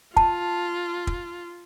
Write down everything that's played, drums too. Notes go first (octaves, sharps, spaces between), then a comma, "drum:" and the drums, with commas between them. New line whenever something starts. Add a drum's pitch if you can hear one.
F4 A5, drum: kick
drum: kick